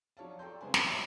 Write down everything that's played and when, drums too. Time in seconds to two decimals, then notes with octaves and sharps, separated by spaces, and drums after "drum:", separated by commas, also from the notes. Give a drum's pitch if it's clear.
0.17 F3 F#3 C#5 D5 F5 A5
0.39 A4 D5 G5 A#5 C6 G6
0.61 C#3 G#3 C4 B4 C5 G#5
0.74 G#6, drum: snare
0.89 C#5 D#5 E5 G#5 C6 C#6